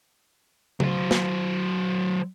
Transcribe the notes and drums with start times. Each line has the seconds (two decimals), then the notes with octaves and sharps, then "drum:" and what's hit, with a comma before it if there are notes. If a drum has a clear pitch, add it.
0.80 F#3 C5, drum: tom C#3
1.11 drum: snare